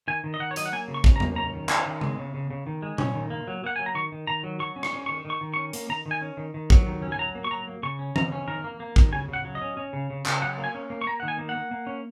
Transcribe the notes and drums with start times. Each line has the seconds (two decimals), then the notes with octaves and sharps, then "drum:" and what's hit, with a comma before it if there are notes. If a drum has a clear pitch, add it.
0.08 D#3 G#5
0.24 D#3
0.34 D#5
0.40 D#3 F#5
0.51 C#5
0.56 F#3 D#5, drum: hi-hat
0.66 F#5
0.72 A#3 G#5
0.88 C#3
0.94 C#6
1.04 C#4, drum: kick
1.16 A#5
1.20 A#3, drum: tom E2
1.36 C#4 A#5
1.54 D#3
1.69 C#4 G#5, drum: clap
1.86 D#3
2.01 G#3, drum: tom C#3
2.18 C#3
2.34 C#3
2.50 C#3
2.67 D#3
2.82 G#3
2.98 C#4, drum: tom A#2
3.14 D#3
3.30 A#3
3.48 F#3
3.64 A#3 F#5
3.76 F#3 G#5
3.86 A#5
3.95 D#3 C#6
4.12 D#3
4.27 D#3 A#5
4.43 F#3
4.60 F#3 C#6
4.76 C#4
4.83 C#6, drum: rim click
4.93 C#4
5.06 D#3 C#6
5.25 D#3
5.30 C#6
5.41 D#3
5.54 C#4 C#6
5.73 A#3, drum: hi-hat
5.89 D#3 A#5
6.06 D#3
6.11 G#5
6.21 C#4
6.37 D#3
6.54 D#3
6.70 F#3, drum: kick
6.86 D#3
7.02 C#4
7.12 G#5
7.19 F#3 A#5
7.35 A#3
7.44 C#6
7.51 F#3 A#5
7.67 A#3
7.83 C#3 C#6
7.99 C#4
8.16 C#3 A#5, drum: tom E3
8.32 C#4
8.48 D#3 A#4
8.64 A#3
8.80 A#3
8.96 D#3, drum: kick
9.12 C#3 G#5
9.28 C#3 F#5
9.45 F#3
9.55 D#5
9.62 C#4
9.77 C#4
9.93 C#3
10.10 C#3
10.26 C#3, drum: clap
10.42 F#3 F#5
10.58 A#3
10.64 G#5
10.75 C#4
10.90 A#3
11.01 C#6
11.07 A#3 A#5
11.20 D#3 F#5
11.28 G#5
11.39 A#3
11.49 F#5
11.55 A#3
11.71 A#3
11.87 C#4